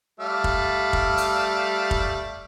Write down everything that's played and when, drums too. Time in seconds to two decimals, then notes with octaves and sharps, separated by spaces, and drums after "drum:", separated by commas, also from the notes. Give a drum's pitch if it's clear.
0.20 G3 A3 F5
0.44 drum: kick
0.93 drum: kick
1.17 drum: hi-hat
1.91 drum: kick